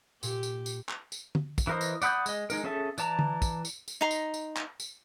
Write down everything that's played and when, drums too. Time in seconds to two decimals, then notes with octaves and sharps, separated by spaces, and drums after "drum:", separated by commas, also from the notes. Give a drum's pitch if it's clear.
0.23 A#2 G4, drum: tambourine
0.43 drum: tambourine
0.66 drum: tambourine
0.89 drum: clap
1.12 drum: tambourine
1.35 drum: tom
1.58 drum: kick, tambourine
1.67 E3 E4 A#4 C5 D#5
1.81 drum: tambourine
2.02 D5 F#5 B5 D#6 G6, drum: tambourine
2.26 G#3 D#5, drum: tambourine
2.50 G#3 D#4 A#4, drum: tambourine
2.64 C#4 G#4 A4 E5 A5
2.98 E3 D5 A5 A#5, drum: tambourine
3.19 drum: tom D3
3.42 drum: kick, tambourine
3.65 drum: tambourine
3.88 drum: tambourine
4.01 D#4 A#5 C6
4.11 drum: tambourine
4.34 drum: tambourine
4.57 drum: clap
4.80 drum: tambourine